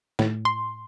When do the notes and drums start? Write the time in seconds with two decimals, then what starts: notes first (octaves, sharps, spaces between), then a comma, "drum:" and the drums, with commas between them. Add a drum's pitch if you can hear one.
0.19 A2, drum: snare
0.45 C6